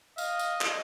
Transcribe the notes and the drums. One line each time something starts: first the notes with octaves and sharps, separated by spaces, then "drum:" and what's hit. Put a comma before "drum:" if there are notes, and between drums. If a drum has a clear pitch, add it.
D#5 F5, drum: tambourine
drum: tambourine
drum: clap